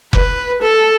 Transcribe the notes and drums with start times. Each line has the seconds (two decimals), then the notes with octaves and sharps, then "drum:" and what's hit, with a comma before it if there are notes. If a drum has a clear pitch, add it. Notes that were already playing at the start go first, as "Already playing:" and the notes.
0.13 B4, drum: kick F1
0.61 A4